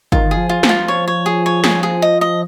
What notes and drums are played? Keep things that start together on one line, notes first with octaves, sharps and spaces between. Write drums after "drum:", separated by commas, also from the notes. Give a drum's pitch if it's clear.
D#3 F4, drum: kick
G#4
F3
F4
F3, drum: snare
F4
C#5
C#5
G#4
C#5
G#4, drum: snare
G#4
D#5
D#5